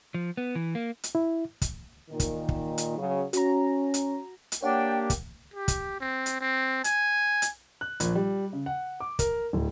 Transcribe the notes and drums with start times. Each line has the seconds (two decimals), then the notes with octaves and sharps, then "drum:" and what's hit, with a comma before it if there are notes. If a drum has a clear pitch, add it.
0.14 F3
0.37 B3
0.56 E3
0.75 A#3
1.04 drum: hi-hat
1.15 E4
1.62 drum: kick, hi-hat
2.10 A#2 D#3
2.20 drum: kick, hi-hat
2.49 drum: kick
2.78 drum: hi-hat
2.96 C#3 F#3
3.33 C#4 F#4 A#5, drum: hi-hat
3.94 drum: hi-hat
4.52 drum: hi-hat
4.62 A#3 D4 G4 C#5 F#5 G5
5.10 drum: kick, hi-hat
5.54 G4
5.68 drum: kick, hi-hat
6.00 C4
6.26 drum: hi-hat
6.41 C4
6.84 G#5, drum: hi-hat
7.42 drum: hi-hat
7.81 F#6
8.00 A#1, drum: hi-hat
8.15 G3
8.53 C#3
8.66 F#5
9.00 D6
9.19 A#4, drum: kick, hi-hat
9.53 D1